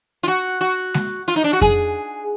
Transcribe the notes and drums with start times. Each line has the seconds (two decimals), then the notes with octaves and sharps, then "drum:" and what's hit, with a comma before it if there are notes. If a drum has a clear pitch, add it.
0.23 F4
0.28 F#4
0.61 F#4
0.94 drum: snare G#3
1.28 F4
1.36 D#4
1.44 D4
1.53 F#4
1.61 G#4, drum: kick F2